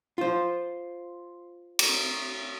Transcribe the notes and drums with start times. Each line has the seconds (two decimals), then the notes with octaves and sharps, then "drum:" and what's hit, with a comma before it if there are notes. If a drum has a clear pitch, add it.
0.18 F4 C5
1.79 drum: cymbal